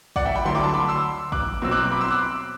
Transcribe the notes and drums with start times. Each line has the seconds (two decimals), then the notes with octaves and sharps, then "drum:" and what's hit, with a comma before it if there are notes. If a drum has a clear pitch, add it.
0.16 D5 F#5, drum: kick
0.25 E5 G5
0.35 G5 B5
0.45 D2 D3 F#3 C6
0.55 D6
0.63 A5 C6
0.74 B5 D6
0.88 C6 E6
1.32 D6 F#6, drum: kick
1.62 B2 F#3 C4 E6
1.71 D6 F#6
1.92 B5 D6
2.01 C6 E6
2.11 D6 F#6